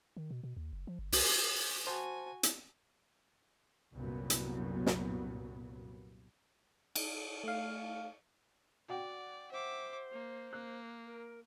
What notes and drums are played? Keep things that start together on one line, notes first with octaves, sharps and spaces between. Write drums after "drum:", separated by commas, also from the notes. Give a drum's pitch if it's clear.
D#3
B2
B2
D#2
F#1
F3
G1
C2, drum: open hi-hat
F#4 C5 G#5 A5
drum: hi-hat
C2 F#2 A#2 F#3 B3
drum: hi-hat
drum: snare
drum: cymbal
A3 F5
F#4 D5 F#5 G5
C5 E5 D6
A#3
A#3 F#6
A#4